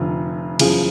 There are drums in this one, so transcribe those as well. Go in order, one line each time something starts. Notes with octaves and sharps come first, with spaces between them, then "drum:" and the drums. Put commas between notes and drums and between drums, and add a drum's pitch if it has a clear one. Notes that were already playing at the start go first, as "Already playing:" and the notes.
Already playing: F1 F2 D3
F#1 E2 C#3 F3 G#4, drum: cymbal